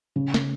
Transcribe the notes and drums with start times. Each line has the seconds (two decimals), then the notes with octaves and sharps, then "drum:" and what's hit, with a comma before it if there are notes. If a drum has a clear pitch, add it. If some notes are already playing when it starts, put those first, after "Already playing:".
0.16 C#3
0.34 drum: snare